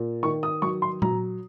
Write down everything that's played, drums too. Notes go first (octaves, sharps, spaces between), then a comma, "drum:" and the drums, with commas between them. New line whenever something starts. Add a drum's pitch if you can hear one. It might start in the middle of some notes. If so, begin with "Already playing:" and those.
Already playing: A#2
D#3 C#6
D#6
F#3 C#6
C6
F#3 A#5, drum: tom A#2